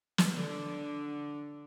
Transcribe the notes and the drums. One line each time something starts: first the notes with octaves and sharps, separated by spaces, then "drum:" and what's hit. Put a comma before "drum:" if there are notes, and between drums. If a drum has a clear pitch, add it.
drum: snare
D3